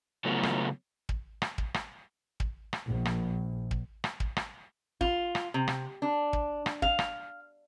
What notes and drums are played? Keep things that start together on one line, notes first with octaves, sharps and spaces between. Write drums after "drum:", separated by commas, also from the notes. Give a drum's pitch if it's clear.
A2 C#3 F#3 A3 B3 F4
drum: rim click
drum: kick
drum: rim click
drum: kick
drum: rim click
drum: kick
drum: rim click
A#1
drum: rim click
drum: kick
drum: rim click
drum: kick
drum: rim click
F4, drum: kick
drum: rim click
C3
drum: rim click
D4
drum: kick
drum: rim click
F5, drum: kick
drum: rim click